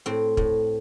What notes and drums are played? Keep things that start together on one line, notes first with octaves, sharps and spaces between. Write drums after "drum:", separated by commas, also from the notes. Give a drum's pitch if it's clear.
A2 C4
A2, drum: kick